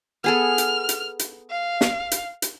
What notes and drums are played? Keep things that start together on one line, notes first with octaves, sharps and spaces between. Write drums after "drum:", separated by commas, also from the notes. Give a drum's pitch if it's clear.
B3 G#4 A4 F6
drum: hi-hat
drum: hi-hat
drum: hi-hat
F5
drum: snare
drum: hi-hat
drum: hi-hat